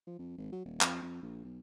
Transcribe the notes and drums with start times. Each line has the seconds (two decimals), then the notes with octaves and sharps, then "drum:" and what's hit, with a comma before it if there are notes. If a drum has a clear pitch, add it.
0.07 F3
0.19 F2
0.38 G#1
0.52 F#3
0.65 D#1
0.81 F2, drum: clap
1.02 F2
1.22 A#1
1.45 B1